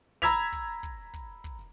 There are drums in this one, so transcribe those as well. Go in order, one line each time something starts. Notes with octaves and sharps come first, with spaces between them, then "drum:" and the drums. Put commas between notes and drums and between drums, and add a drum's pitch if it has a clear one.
A#5 B5 E6 G#6 B6 F7, drum: kick
drum: kick, hi-hat
drum: kick, open hi-hat
drum: kick, hi-hat
drum: kick, open hi-hat